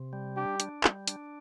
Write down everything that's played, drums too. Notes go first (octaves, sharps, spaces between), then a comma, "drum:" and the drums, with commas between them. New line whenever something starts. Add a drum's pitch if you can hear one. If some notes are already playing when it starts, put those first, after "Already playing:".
Already playing: C3
G3
D4 G4
D4, drum: hi-hat
G3, drum: clap
D4, drum: hi-hat